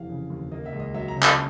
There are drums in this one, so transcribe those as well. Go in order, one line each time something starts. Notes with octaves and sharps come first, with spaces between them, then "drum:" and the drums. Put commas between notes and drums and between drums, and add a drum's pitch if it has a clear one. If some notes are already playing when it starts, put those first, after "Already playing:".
Already playing: F1 E3 F5
C#3
D#2
A#3 D#5
E5
C#2
D#5
F#3 E5
A#5
C#3
A5, drum: clap